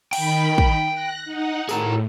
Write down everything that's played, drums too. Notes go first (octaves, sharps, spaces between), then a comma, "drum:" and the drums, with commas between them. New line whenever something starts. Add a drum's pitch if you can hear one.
D#3 G5 B5, drum: cymbal
drum: kick
F#6 A#6
D#4 F#5
A2 G#4 A#4, drum: tambourine